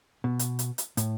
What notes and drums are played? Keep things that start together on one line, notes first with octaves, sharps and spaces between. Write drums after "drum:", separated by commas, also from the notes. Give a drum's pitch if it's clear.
B2
drum: hi-hat
drum: hi-hat
drum: hi-hat
A2, drum: hi-hat